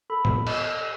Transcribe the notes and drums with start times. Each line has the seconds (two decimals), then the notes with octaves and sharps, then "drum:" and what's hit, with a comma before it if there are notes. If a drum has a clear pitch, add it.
0.10 A4 B5
0.25 drum: tom
0.34 A4
0.47 D#5, drum: cymbal
0.58 A4